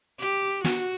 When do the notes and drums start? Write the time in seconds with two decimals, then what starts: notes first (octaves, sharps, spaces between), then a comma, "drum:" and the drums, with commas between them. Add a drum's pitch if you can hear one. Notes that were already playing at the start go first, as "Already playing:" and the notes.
0.19 G4
0.64 F#4, drum: snare